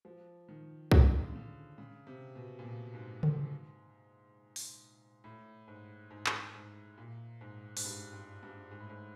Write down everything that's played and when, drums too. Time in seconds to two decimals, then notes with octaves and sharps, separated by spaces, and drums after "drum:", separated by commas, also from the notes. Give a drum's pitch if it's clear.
0.05 F3
0.49 D#3
0.92 D3, drum: kick C2
1.04 C#3
1.15 D3
1.30 C#3
1.36 D3
1.78 C#3
2.07 C3
2.35 B2
2.59 A#2
2.64 B2
2.94 G#2
3.23 G#2, drum: tom C#3
4.56 drum: open hi-hat
5.24 A2
5.68 G#2
6.11 G#2
6.26 drum: clap
6.55 G#2
6.98 A#2
7.41 G#2
7.77 G#2, drum: open hi-hat
7.85 G2
8.13 G2
8.43 G2
8.71 G#2
8.80 A2
8.90 G#2